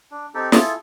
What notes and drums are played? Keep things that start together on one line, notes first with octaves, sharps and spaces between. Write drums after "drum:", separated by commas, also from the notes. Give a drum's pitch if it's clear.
D4
C4 D#4 G4 A4
E4 F4 G#4 A4, drum: snare